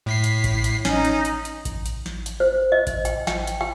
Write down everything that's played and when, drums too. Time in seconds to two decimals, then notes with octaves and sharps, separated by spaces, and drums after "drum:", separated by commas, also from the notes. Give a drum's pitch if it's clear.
0.06 A2 B6 C7
0.24 drum: hi-hat
0.44 drum: kick A1, hi-hat
0.64 drum: hi-hat
0.85 C#4 D#4, drum: snare
1.05 drum: hi-hat
1.25 drum: hi-hat
1.45 drum: hi-hat
1.65 drum: kick A1, hi-hat
1.86 drum: hi-hat
2.06 drum: snare
2.26 drum: hi-hat
2.40 C5
2.72 D#5
2.87 drum: kick A1, hi-hat
3.05 G5, drum: hi-hat
3.27 G5, drum: snare
3.47 drum: hi-hat
3.61 G5